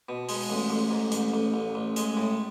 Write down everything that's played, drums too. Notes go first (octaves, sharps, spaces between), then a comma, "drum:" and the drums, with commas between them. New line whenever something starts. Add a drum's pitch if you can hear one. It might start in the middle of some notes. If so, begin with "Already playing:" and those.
B2
G#3, drum: open hi-hat
A1
A1
G#2
A1, drum: hi-hat
A1
A1
A1
G#3, drum: hi-hat
A2